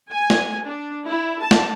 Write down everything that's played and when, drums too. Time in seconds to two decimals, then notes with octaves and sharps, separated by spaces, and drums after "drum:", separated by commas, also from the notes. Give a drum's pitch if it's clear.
0.10 G#5
0.30 drum: snare
0.66 D4
1.06 E4
1.41 A5
1.51 drum: snare